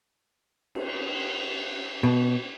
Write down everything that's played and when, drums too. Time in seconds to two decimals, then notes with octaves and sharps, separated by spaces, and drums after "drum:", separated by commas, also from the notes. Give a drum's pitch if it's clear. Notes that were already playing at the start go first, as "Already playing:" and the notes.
0.75 drum: cymbal
2.03 B2